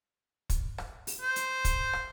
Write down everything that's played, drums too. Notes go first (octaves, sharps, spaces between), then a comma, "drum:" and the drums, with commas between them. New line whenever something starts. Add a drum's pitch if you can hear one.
drum: kick, hi-hat
drum: rim click
drum: open hi-hat
C5
drum: hi-hat
drum: kick, hi-hat
drum: rim click